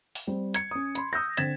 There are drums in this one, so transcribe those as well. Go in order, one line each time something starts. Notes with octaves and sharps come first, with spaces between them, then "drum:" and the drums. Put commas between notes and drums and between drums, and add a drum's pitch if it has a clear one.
drum: open hi-hat
G3 C4
G#6 C#7, drum: hi-hat
C#4 D#6
B5 C6, drum: hi-hat
D#6 E6 G6 A#6
D3 C4 G#6 A6 B6 E7, drum: hi-hat